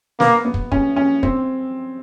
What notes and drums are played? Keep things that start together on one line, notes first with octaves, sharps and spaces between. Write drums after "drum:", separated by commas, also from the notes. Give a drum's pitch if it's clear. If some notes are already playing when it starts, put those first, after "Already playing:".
A#3 B3, drum: snare
B3
drum: kick
C#4, drum: kick
C#4
C4, drum: kick